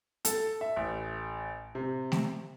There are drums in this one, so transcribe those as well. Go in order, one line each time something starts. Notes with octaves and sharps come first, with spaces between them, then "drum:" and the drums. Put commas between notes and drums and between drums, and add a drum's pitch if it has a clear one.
A4, drum: hi-hat
E5
A1
C3
drum: snare A3